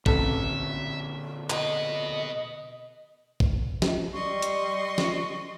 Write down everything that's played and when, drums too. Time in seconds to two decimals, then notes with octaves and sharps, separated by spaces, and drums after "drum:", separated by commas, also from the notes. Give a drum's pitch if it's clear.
0.06 A1 A#2 D3 C4 A4 E5, drum: kick
1.50 B2 B4 D#5, drum: clap
3.40 drum: kick
3.82 drum: snare
4.13 G3 D#5 C6 C#6
4.42 drum: hi-hat
4.98 drum: snare